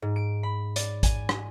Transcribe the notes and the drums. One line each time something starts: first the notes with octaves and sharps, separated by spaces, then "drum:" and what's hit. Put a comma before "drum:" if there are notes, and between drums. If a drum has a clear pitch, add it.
G#2
D7
B5
D5, drum: hi-hat
G#5, drum: kick A1, hi-hat
drum: rim click